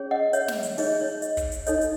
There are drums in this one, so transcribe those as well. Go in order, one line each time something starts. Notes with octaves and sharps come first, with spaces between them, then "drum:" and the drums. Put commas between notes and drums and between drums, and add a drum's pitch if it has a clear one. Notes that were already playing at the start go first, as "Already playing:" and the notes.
Already playing: C#4 G#4 C#5
D#5 F#5
C#5 E5, drum: hi-hat
drum: snare
drum: hi-hat
D#4 G#4 C#5 D#5, drum: open hi-hat
C#5
D#5, drum: hi-hat
drum: kick, hi-hat
drum: hi-hat
D#4 A4 C#5 D#5, drum: hi-hat
drum: hi-hat